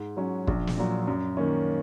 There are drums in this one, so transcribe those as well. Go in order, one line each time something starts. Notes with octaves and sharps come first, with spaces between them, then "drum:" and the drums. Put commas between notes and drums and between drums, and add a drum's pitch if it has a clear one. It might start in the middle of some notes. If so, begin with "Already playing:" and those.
Already playing: G#2
F#3 C#4
A#1, drum: kick
drum: snare
A#2 F#3
F#2
D#3 A#3 C#4